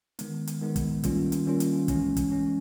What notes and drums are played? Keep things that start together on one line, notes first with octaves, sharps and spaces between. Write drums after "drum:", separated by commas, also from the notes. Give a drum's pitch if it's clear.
D#3 G#3 B3, drum: hi-hat
drum: hi-hat
D#3 G#3 B3
drum: kick, hi-hat
D#3 G3 A#3 C#4 F4, drum: kick, hi-hat
drum: hi-hat
D#3 G3 A#3 C#4 F4
drum: hi-hat
E3 G#3 C#4, drum: kick, hi-hat
drum: kick, hi-hat
E3 G#3 C#4